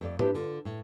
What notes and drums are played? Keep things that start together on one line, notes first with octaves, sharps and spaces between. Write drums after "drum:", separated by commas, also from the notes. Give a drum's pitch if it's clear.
F2 A3 D5
D4 E4 G4 B4 C5, drum: tom G#2
D3 F4
A2